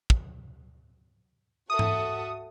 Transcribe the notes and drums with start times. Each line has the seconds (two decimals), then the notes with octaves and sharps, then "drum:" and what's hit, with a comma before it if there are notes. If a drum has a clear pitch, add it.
0.10 drum: kick
1.70 F#4 A4 E5 D#6
1.79 drum: tom G#2